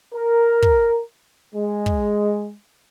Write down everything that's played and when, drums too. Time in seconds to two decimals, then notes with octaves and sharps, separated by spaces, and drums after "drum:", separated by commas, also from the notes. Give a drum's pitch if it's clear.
0.14 A#4
0.62 drum: kick
1.55 G#3
1.86 drum: kick